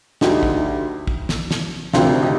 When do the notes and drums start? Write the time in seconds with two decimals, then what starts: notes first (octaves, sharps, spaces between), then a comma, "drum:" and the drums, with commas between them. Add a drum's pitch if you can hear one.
0.21 D2 D3 D#4 G4, drum: snare
0.43 drum: kick
1.07 drum: kick
1.29 drum: snare
1.51 drum: snare
1.93 D2 C3 D#3 D4 F4, drum: snare
2.23 D#4 G4